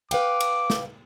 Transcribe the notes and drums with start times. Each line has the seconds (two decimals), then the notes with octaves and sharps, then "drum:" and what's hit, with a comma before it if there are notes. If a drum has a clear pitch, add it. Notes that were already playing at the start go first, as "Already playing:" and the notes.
0.11 B4 F5 G5 D6, drum: cymbal
0.40 drum: cymbal
0.70 drum: snare